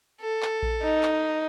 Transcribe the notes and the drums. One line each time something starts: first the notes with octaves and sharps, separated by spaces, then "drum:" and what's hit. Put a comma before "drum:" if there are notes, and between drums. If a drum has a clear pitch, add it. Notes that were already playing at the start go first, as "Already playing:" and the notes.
A4
drum: clap
drum: kick A#1
D#4
drum: clap